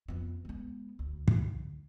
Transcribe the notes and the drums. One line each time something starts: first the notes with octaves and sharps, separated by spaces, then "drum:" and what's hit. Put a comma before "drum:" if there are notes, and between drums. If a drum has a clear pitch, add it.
F2 B3
G#3 B3
D2
drum: kick